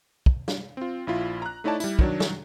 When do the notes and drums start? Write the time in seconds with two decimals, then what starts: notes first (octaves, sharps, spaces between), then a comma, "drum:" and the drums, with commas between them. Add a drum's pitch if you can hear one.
0.26 drum: kick
0.48 drum: snare
0.77 C4 F4
1.07 A#1 E4 F4
1.42 A#5 F#6
1.64 A3 D#4 E4 C#5 D5 A5
1.80 G3 E4, drum: tambourine
1.99 D#3 F#3 D4, drum: kick
2.20 drum: snare